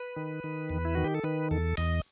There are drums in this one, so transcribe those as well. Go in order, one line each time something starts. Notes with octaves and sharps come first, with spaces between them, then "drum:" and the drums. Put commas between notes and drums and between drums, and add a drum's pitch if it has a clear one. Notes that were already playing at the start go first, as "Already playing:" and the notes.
Already playing: B4
D#3
D#3
E2
E4
D#3 F#4
G4
A4
D#3 B4
E2 A4
E2 D#5, drum: open hi-hat